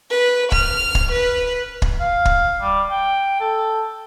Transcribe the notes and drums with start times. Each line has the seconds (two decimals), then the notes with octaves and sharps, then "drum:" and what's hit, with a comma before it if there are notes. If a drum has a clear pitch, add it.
0.10 B4
0.52 F6, drum: kick
0.95 drum: kick
1.12 B4
1.82 drum: kick
2.00 F5
2.25 drum: kick
2.61 G3
2.91 G5
3.40 A4